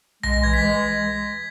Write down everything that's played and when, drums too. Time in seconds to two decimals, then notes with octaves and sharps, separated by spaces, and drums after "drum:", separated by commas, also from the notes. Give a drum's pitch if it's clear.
0.23 G#3 A#6, drum: tom B1
0.34 A#6
0.43 E3 G#6
0.53 B6
0.63 G#3